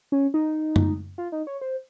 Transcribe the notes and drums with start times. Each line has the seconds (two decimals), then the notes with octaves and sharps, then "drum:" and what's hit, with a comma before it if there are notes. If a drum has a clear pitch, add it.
0.12 C#4
0.34 D#4
0.76 drum: tom
1.18 F4
1.32 D#4
1.47 C#5
1.61 C5